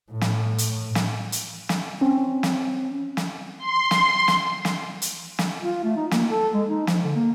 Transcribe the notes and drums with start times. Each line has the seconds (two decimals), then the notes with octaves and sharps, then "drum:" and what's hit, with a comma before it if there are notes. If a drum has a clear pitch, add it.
0.12 A2
0.21 drum: snare
0.58 drum: hi-hat
0.95 drum: snare
1.32 drum: hi-hat
1.69 drum: snare
2.01 C4 C#4
2.43 drum: snare
3.17 drum: snare
3.58 C6
3.91 drum: snare
4.28 drum: snare
4.65 drum: snare
5.02 drum: hi-hat
5.39 drum: snare
5.62 F4
5.84 A3
5.96 D#4
6.11 A#3, drum: snare
6.31 A4
6.54 G#3
6.69 D#4
6.87 F3, drum: snare
7.04 D3
7.16 A#3